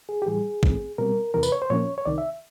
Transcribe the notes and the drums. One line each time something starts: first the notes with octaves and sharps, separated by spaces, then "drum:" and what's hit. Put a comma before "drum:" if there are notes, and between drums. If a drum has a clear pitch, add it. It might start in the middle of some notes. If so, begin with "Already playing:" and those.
G#4
G4
A2 E3 G3 G#4
G#2 E3 A3 C4, drum: kick
B2 G3 C4 A#4
E2 C3 E3 A#4
B4, drum: tambourine
C#5
C5
A#2 F3 A#3 C#4 C#5
C#5
C2 C3 D#3 D5
E5